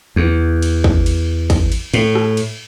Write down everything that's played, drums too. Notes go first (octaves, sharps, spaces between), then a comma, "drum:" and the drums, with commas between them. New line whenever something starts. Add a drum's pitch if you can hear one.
E2
drum: cymbal
drum: kick
drum: cymbal
drum: kick, cymbal
drum: cymbal
A2, drum: cymbal
drum: rim click
drum: cymbal